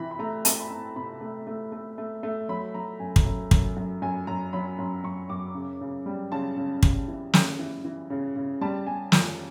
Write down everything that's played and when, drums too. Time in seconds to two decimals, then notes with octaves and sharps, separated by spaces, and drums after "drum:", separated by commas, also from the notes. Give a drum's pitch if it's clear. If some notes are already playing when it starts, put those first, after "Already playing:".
Already playing: C3 E3 B5
0.11 B5
0.19 A3 A#5
0.45 C4 A5, drum: hi-hat
0.60 B5
0.70 C4 A#5
0.96 C3 B5
1.21 A3
1.47 A3
1.72 A3
1.98 A3
2.23 A3
2.49 F#3 B5
2.74 F#3 A#5
3.00 F#2 G#5
3.16 drum: kick
3.25 F#2
3.51 F#2, drum: kick
3.77 F#2
4.02 F#2 G#5
4.27 F#2 A#5
4.53 F#3 B5
4.79 F#2 C6
5.04 F#2 C#6
5.30 F#2 D6
5.55 C#3
5.81 C#3
6.06 G3
6.32 C#3 A5
6.57 C#3
6.83 C#3, drum: kick
7.08 E3
7.34 C#3, drum: snare
7.59 E3
7.85 E3
8.10 C#3
8.36 C#3
8.61 G3 A5
8.87 G3 G#5
9.12 F2 A#5, drum: snare